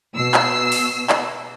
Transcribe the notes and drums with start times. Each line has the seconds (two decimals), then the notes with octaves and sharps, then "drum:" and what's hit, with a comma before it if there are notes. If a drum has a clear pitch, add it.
0.15 B2 E6 C7
0.34 drum: clap
0.72 drum: open hi-hat
1.10 drum: clap